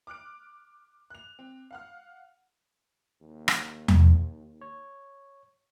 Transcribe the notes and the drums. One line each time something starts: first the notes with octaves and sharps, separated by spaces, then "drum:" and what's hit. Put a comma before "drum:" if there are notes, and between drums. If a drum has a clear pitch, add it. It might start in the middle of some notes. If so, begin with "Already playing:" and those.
D6 F6 F#6 D7
F#6 F7
C4
F5 F#5 F6
D#2
drum: rim click
drum: tom E2
C#5